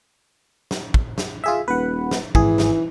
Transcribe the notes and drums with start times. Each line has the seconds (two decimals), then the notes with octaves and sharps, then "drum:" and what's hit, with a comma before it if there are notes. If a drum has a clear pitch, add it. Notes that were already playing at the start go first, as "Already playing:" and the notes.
0.71 drum: snare
0.94 drum: kick
1.18 drum: snare
1.44 F4 G#4 E5
1.68 D#1 B4 F#5
2.11 drum: snare
2.35 G#1 E3 G#4, drum: kick
2.58 drum: snare